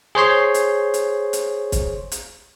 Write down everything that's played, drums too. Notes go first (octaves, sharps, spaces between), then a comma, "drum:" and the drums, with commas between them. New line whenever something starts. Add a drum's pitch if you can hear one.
G#4 C5 C#5 C6
drum: hi-hat
drum: hi-hat
drum: hi-hat
drum: kick, hi-hat
drum: hi-hat